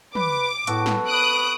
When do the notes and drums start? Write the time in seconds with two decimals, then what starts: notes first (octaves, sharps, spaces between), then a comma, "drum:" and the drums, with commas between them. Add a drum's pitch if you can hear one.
0.15 B4 D6, drum: tom
0.67 A2 B3 F#4 A4, drum: hi-hat
0.86 drum: snare
1.10 B4 D#6 F#6 D7